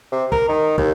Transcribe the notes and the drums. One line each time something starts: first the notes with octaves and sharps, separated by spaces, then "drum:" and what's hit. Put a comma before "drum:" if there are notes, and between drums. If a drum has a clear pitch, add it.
C3
A#4, drum: kick
D#3
D#2, drum: kick